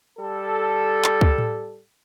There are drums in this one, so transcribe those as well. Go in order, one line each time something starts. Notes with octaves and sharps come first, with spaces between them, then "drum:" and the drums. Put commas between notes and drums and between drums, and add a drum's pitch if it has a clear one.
G3 A4
drum: clap
drum: kick C#2
drum: tom A2